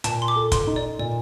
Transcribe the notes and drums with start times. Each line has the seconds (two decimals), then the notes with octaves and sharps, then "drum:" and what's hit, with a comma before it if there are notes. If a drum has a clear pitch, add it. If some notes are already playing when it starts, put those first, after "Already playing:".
0.04 A#2 A5, drum: hi-hat
0.22 C6
0.28 D6
0.36 A4
0.52 C6, drum: kick, hi-hat
0.67 D#4
0.76 D5
0.99 A#2 D5